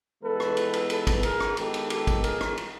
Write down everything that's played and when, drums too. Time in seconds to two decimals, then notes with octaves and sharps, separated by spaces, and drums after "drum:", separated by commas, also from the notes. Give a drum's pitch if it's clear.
0.23 E3 G#3 B3 A4 B4
0.40 drum: rim click
0.57 drum: cymbal
0.73 drum: cymbal
0.90 A4 B4, drum: cymbal
1.07 drum: kick, cymbal
1.23 G#4 A#4, drum: cymbal
1.40 drum: rim click
1.57 D#3 G#3 B3 G4 A4, drum: cymbal
1.74 drum: cymbal
1.90 G4 A4, drum: cymbal
2.07 drum: kick, cymbal
2.24 G#4 A#4, drum: cymbal
2.41 drum: rim click
2.57 drum: cymbal